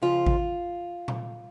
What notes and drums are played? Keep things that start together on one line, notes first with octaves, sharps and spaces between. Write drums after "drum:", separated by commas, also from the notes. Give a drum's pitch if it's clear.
F2 C#3 F3 F4
drum: kick G#1
drum: tom A#2